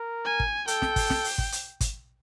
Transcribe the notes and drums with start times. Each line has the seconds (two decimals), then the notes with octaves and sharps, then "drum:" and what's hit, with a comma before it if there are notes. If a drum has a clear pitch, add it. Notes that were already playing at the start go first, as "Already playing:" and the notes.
Already playing: A#4
0.25 G#5
0.40 drum: kick
0.68 A4 G5, drum: hi-hat
0.82 drum: snare
0.96 drum: kick, open hi-hat
1.10 drum: snare
1.24 drum: open hi-hat
1.38 drum: kick
1.52 drum: hi-hat
1.81 drum: kick, hi-hat